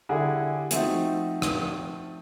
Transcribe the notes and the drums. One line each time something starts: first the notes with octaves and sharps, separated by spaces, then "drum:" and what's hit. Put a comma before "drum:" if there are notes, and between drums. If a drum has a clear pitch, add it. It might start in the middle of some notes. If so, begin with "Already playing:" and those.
D3 G3 E4 G#4
F3 A3 C4 D#4 F#4, drum: hi-hat
drum: rim click